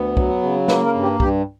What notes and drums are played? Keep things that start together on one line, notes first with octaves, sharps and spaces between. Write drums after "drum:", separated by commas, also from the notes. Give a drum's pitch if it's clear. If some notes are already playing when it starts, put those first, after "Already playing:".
Already playing: D2 B3
F#3, drum: kick
C#3
A#3 B4, drum: snare
A#4
G2
G4
G2 G4, drum: kick